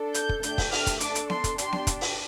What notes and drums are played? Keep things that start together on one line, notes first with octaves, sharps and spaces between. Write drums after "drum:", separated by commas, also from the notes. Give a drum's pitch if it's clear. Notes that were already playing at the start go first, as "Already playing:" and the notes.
Already playing: D4 A4
G6, drum: hi-hat
drum: kick
A3 D4 G4 G6, drum: hi-hat
drum: kick, open hi-hat
F6, drum: open hi-hat
drum: kick, hi-hat
D4 A4 D6, drum: hi-hat
drum: hi-hat
C6, drum: snare B3
drum: kick, hi-hat
D4 G4 C6, drum: hi-hat
drum: snare B3
drum: kick, hi-hat
drum: open hi-hat